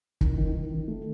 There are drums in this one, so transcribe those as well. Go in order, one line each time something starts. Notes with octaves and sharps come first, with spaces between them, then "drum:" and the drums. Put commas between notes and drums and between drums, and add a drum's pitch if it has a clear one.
D#3, drum: kick
D#3
D#3
D#3
A3